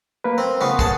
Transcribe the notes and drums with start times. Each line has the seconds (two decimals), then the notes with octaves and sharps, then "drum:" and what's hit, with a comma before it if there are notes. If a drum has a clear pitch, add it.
0.24 A#3 A#4 B4
0.38 C4
0.61 C#3 B3 F4
0.79 G#4 F#5 A5, drum: kick